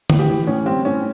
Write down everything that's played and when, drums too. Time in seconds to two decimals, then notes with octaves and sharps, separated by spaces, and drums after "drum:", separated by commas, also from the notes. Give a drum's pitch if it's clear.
0.10 A2, drum: tom
0.19 G4
0.28 E3
0.47 A2 C#4
0.66 G3 C4
0.84 A2 C#4